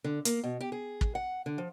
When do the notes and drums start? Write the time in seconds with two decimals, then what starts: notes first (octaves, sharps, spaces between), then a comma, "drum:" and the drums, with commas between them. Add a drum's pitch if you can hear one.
0.04 D3
0.25 A#3, drum: hi-hat
0.44 B2
0.61 G4
0.72 G#4
1.01 drum: kick
1.15 F#5
1.46 D3
1.58 F3